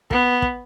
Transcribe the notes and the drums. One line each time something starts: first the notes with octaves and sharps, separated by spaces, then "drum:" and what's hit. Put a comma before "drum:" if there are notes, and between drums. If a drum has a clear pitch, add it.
B3, drum: kick
drum: kick